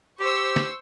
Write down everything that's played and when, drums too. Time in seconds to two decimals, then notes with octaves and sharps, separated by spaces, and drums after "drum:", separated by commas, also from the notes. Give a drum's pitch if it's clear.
0.20 G4 C5 C#6 E6
0.56 drum: snare